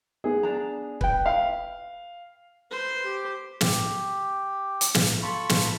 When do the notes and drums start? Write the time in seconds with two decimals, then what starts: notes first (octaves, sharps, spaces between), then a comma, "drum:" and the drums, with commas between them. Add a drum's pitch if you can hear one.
0.24 B3 G#4
0.43 D4 A#5
1.01 B4 G5, drum: kick
1.26 F5
2.71 B4 C5
3.04 G4
3.61 G4, drum: snare
4.81 drum: hi-hat
4.95 drum: snare
5.22 F4 A4 B5 C#6
5.49 drum: snare